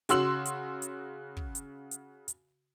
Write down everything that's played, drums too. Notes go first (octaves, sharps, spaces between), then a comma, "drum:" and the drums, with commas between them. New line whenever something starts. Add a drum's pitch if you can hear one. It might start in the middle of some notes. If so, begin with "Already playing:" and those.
C#3 F#4 C6 E6 F#7, drum: hi-hat
drum: hi-hat
drum: hi-hat
drum: kick
drum: hi-hat
drum: hi-hat
drum: hi-hat